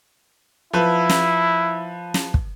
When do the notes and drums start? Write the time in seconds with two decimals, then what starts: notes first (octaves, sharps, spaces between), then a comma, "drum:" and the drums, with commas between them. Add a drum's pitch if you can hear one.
0.73 F3 E4 B4
1.09 drum: snare
2.14 drum: snare
2.34 drum: kick